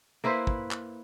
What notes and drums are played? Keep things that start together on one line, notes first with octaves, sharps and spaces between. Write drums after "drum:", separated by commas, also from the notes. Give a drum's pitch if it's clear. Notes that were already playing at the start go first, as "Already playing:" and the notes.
A#3 E4 B4 C5
drum: kick
drum: clap